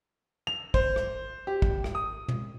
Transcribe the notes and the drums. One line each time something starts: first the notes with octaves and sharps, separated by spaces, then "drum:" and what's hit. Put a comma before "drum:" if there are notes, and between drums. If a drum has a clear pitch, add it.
F7
C5, drum: kick
drum: rim click
G4
drum: kick
drum: rim click
D#6
drum: tom